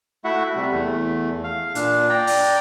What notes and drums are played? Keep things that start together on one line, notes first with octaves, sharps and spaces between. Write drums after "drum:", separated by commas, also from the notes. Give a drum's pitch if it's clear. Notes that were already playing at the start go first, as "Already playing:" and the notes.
A3 E4 F#4 E5 F#5
C3 G3
E2 A3
F5
A#2 D4, drum: hi-hat
D5 G5 A#5
drum: open hi-hat